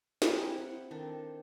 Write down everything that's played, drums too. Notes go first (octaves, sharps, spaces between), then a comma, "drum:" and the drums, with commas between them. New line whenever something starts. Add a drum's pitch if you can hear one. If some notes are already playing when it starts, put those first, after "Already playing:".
D#4 G4 G#4, drum: snare
C4 E4 G4
F#5
D#3 C4 D4 A4